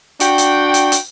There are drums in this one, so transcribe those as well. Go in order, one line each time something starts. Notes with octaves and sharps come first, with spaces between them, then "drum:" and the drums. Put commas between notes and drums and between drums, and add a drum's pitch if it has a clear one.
D4 F#4 G5, drum: hi-hat
drum: hi-hat
drum: hi-hat
drum: hi-hat